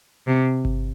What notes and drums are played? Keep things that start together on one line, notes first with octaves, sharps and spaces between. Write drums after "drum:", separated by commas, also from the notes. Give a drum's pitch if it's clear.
C3
drum: kick G1